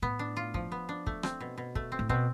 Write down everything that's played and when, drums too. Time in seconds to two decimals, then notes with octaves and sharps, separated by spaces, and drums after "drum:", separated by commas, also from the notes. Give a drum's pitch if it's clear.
0.02 A2 B3
0.19 D4
0.37 F4
0.54 F3, drum: kick
0.72 B3
0.89 D4
1.07 A3, drum: kick
1.23 C4, drum: rim click
1.41 B2
1.58 B2
1.75 A3, drum: kick
1.92 C4
1.99 A2
2.09 B2 C4, drum: kick